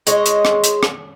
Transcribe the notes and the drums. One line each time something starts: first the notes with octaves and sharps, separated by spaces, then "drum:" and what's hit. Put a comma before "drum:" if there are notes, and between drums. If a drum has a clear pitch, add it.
G#3 C#5 D#5, drum: hi-hat
drum: hi-hat
drum: rim click
drum: hi-hat
drum: rim click